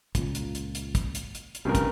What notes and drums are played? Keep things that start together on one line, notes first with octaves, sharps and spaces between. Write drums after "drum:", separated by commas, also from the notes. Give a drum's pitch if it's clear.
C#2 A#2, drum: kick, hi-hat
drum: hi-hat
drum: hi-hat
drum: hi-hat
drum: kick, hi-hat
drum: hi-hat
drum: hi-hat
drum: hi-hat
C2 G2 C#3 A#4
drum: kick, hi-hat